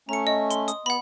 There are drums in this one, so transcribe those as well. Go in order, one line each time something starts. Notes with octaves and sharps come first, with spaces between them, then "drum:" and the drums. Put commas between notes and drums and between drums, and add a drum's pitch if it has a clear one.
A3 C#4 A#5 C#7
D#5
C6, drum: hi-hat
D#6, drum: hi-hat
B3 F#5 B5